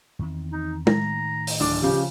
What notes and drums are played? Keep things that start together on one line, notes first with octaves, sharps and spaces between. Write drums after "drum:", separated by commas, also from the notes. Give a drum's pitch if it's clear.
E2 D#3 C4
D#4
A2 D#3 A#5, drum: tom G#3
drum: open hi-hat
D1 D4 D6
C#3 F3 G4